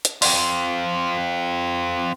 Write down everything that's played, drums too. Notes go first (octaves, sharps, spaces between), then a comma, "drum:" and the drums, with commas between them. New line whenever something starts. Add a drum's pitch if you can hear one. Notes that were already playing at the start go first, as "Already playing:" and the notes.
drum: hi-hat
C4 F4, drum: open hi-hat